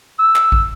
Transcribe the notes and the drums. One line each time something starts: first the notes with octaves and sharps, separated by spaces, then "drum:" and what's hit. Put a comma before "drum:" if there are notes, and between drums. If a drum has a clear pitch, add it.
E6
drum: clap
drum: kick